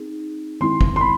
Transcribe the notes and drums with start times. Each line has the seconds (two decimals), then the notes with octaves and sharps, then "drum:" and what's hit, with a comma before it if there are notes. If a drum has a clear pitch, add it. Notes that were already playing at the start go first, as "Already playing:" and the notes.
Already playing: C4 D#4 G#4
0.61 D#3 G#3 C4 E4 C6
0.81 drum: kick
0.96 C6
1.01 B5